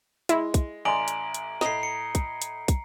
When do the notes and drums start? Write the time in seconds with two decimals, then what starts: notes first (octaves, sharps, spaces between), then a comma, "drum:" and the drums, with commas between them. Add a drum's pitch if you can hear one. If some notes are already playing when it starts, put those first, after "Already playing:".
0.29 G#3 E4, drum: hi-hat
0.54 drum: kick, hi-hat
0.85 A1 D5 D#5 G#5 A#5 C6 D7 F#7
1.08 drum: hi-hat
1.34 drum: hi-hat
1.61 A2 D#5 A#5 C7, drum: snare
1.83 C#7
2.15 drum: kick, hi-hat
2.42 drum: hi-hat
2.68 drum: kick, hi-hat